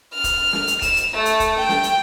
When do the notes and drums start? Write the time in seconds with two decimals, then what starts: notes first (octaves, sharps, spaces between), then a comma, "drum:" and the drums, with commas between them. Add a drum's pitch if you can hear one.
0.14 F6
0.24 drum: kick E1, hi-hat
0.53 drum: snare
0.67 drum: hi-hat
0.82 E7, drum: kick E1, hi-hat
0.96 drum: hi-hat
1.15 A3
1.25 drum: hi-hat
1.40 drum: kick E1, hi-hat
1.60 G5
1.69 drum: snare
1.83 drum: hi-hat